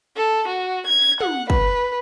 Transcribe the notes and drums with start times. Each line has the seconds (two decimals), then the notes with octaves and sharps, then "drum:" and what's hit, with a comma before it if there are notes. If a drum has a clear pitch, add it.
0.17 A4
0.48 F#4
0.86 G#6
1.21 F#5, drum: tom
1.50 B4, drum: kick